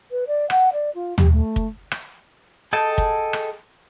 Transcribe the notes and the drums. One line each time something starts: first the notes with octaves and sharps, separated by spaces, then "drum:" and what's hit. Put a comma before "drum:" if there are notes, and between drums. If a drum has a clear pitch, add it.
B4
D5
F#5, drum: rim click
D5
F4
G4, drum: tom
A3
drum: kick
drum: rim click
G#4 A4 D#5 G5 A5
drum: kick
drum: rim click